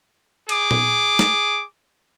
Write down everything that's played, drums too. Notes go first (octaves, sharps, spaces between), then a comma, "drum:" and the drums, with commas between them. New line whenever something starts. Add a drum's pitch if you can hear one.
G#4 D6, drum: cymbal
drum: tom A#2
drum: snare